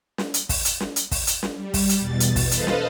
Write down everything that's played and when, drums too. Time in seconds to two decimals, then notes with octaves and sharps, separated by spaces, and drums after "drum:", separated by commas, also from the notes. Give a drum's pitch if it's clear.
0.18 drum: snare
0.34 drum: hi-hat
0.49 drum: kick, open hi-hat
0.65 drum: hi-hat
0.80 drum: snare
0.96 drum: hi-hat
1.12 drum: kick, open hi-hat
1.27 drum: hi-hat
1.43 drum: snare
1.55 G3
1.74 drum: kick, open hi-hat
1.89 drum: hi-hat
2.00 E2 B2 A6
2.20 drum: hi-hat
2.36 drum: kick, open hi-hat
2.51 A4 B4 C5 D#5 F5, drum: hi-hat
2.67 drum: snare